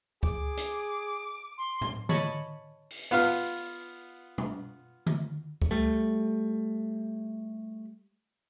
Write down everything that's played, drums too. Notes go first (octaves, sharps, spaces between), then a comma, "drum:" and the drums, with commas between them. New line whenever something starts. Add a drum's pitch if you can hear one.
G#4 D6, drum: kick C#2
drum: hi-hat
C6
drum: tom A2
C#5 D#5 A5 B5 C#6, drum: tom D3
drum: open hi-hat
B3 F4 F5 F6, drum: open hi-hat
drum: tom
drum: tom D3
drum: kick C#2
G3 A3